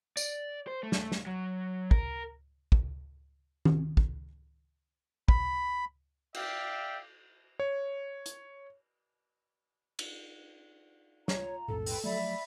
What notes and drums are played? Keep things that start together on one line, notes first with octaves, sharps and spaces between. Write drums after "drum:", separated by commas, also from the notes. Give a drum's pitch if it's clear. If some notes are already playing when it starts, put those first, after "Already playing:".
D5, drum: tambourine
C5
A3
drum: snare
drum: snare
F#3
A#4, drum: kick
drum: kick
drum: tom D#3
drum: kick
B5, drum: kick
D5 E5 F5 G5, drum: cymbal
C#5
drum: hi-hat
drum: cymbal
F4 C#5 A#5, drum: snare
B1 F2 A2 A4
B4 G5 C6, drum: open hi-hat
F3 F#3 A3 D5 E5 B5